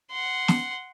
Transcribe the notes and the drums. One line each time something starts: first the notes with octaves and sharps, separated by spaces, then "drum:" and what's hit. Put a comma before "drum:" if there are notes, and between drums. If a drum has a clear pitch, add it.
F#5 C6
drum: snare